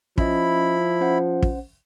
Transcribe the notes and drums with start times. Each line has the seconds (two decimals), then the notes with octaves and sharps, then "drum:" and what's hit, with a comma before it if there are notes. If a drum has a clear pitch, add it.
0.18 F3 C#4 E4 D#5 B5, drum: kick
1.01 C#4 C5 F#5
1.42 drum: kick